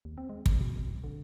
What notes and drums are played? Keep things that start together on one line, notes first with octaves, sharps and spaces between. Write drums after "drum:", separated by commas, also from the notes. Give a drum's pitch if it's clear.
D#2
C4
G#3
G1, drum: kick
B2
F2
C2
D3